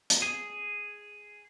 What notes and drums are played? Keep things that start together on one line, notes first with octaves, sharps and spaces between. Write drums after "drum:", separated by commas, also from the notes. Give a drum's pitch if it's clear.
drum: hi-hat
G#4